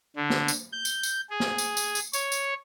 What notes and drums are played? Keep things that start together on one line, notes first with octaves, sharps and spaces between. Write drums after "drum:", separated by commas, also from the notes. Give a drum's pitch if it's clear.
D3
drum: snare
drum: tambourine
G6
drum: tambourine
drum: tambourine
G#4
drum: snare
drum: tambourine
drum: tambourine
drum: tambourine
C#5, drum: tambourine
drum: tambourine